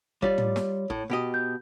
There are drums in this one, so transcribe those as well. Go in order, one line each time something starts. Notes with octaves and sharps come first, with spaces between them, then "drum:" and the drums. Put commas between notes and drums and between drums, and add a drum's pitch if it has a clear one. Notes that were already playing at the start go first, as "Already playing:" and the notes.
G3 F4 C#5 D5, drum: kick
drum: tom
drum: snare
A2, drum: kick
B2 G4 D#5
G6